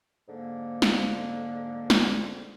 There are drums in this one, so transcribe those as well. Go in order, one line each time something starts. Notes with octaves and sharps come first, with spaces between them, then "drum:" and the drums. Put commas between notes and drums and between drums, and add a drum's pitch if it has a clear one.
G#2 D3 A#3
drum: snare
drum: snare